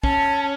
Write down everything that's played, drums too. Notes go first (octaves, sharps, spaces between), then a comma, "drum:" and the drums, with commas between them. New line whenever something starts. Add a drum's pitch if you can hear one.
C#4 A5, drum: kick